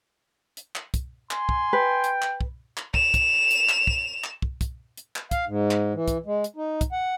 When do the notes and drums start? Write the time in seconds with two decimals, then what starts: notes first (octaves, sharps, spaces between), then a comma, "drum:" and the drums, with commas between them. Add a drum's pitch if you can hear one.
0.57 drum: hi-hat
0.75 drum: clap
0.94 drum: kick, hi-hat
1.31 G#5 C6, drum: clap
1.49 drum: kick
1.73 B4 G5
2.04 drum: hi-hat
2.22 drum: clap
2.41 drum: kick
2.77 drum: clap
2.94 E7 F7, drum: kick
3.14 drum: kick, hi-hat
3.51 drum: hi-hat
3.69 drum: clap
3.87 drum: kick
4.24 drum: clap
4.42 drum: kick
4.61 drum: kick, hi-hat
4.97 drum: hi-hat
5.16 drum: clap
5.31 F5, drum: kick, hi-hat
5.46 G#2
5.71 drum: clap
5.94 E3
6.08 drum: kick, hi-hat
6.26 G#3
6.44 drum: hi-hat
6.56 D#4
6.81 drum: kick, hi-hat
6.92 F#5